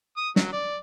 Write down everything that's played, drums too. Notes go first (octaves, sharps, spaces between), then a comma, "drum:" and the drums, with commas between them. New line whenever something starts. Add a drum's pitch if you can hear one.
D#6
F#3, drum: snare
D5